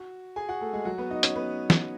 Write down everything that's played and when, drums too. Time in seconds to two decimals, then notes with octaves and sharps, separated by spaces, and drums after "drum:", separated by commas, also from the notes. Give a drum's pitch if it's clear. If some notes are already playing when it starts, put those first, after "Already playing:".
Already playing: F#4
0.36 G#4 G#5
0.48 F#4 F#5
0.61 A3 A4
0.73 G#3 G#4
0.85 F#3 F#4
0.98 B3 B4
1.11 D#4 D#5
1.23 C#4 C#5, drum: hi-hat
1.36 B3 B4
1.70 drum: snare